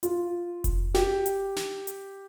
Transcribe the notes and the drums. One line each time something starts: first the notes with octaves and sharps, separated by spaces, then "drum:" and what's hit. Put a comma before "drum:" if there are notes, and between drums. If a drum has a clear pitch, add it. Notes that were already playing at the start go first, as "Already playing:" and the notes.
F4, drum: hi-hat
drum: kick F1, hi-hat
G4, drum: snare
drum: hi-hat
drum: snare
drum: hi-hat